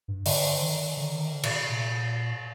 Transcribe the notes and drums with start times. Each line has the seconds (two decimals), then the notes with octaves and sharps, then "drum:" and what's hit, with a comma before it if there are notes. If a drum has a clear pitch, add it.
0.08 G2
0.26 D3, drum: open hi-hat
0.62 D#3
0.97 D3
1.15 D#3
1.32 D3
1.43 A#2, drum: cymbal
1.50 C3
1.69 A#2